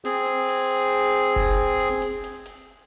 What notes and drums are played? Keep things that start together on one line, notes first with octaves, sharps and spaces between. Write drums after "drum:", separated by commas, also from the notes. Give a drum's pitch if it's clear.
C4 G#4, drum: hi-hat
drum: hi-hat
drum: hi-hat
drum: hi-hat
drum: hi-hat
drum: kick F1
drum: hi-hat
drum: hi-hat
drum: hi-hat
drum: hi-hat